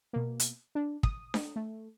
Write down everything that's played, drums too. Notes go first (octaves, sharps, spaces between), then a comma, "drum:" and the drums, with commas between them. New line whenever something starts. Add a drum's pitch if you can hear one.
B2 A#3
drum: hi-hat
D4
D#6, drum: kick
drum: snare D4
A3